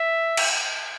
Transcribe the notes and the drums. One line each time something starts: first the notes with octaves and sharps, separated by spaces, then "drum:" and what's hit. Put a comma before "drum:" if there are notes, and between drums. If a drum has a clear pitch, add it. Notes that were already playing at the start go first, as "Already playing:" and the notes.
Already playing: E5
drum: cymbal